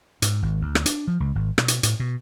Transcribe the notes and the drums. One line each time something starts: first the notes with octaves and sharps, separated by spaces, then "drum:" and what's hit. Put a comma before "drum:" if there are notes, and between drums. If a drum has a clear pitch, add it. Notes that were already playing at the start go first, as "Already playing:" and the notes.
G#2, drum: hi-hat
G#1
D2
drum: rim click
D4, drum: hi-hat
F3
C#2
G#1
B2, drum: rim click
drum: hi-hat
A2, drum: hi-hat
B2